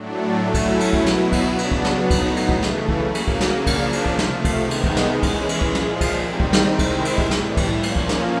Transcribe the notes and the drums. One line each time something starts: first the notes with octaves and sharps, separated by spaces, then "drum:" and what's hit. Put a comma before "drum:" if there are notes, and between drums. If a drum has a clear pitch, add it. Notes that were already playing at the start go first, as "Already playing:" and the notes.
Already playing: A2 F#3 A3 D4
F#3 A3 C#4 E4
drum: kick, cymbal
drum: cymbal
B2 F#3 B3 E4, drum: kick
drum: snare
drum: kick, cymbal
C#3 F#3 B3 D4
drum: cymbal
drum: kick
drum: snare
A2 F#3 B3 D#4
drum: kick, cymbal
drum: cymbal
C#3 E3 A3, drum: kick
drum: snare
drum: kick
C#3 F#3 A#3
drum: cymbal
drum: kick
drum: snare
C#3 F3 A#3 D4
drum: kick, cymbal
drum: cymbal
C3 F3 A3, drum: kick
drum: snare
drum: kick, cymbal
C3 D#3 G#3 B3 D#4
drum: cymbal
drum: kick
drum: snare
E3 G#3 C#4
drum: kick, cymbal
drum: cymbal
A#2 F3 G#3, drum: kick
drum: snare
drum: kick, cymbal
D#3 G3 C4 D#4
drum: kick
drum: snare
C3 D#3 G#3 C4 E4
drum: kick, cymbal
drum: cymbal
A2 E3 G3, drum: kick
drum: snare
drum: kick, cymbal
A#2 F3 A#3 C#4
drum: cymbal
drum: kick
drum: snare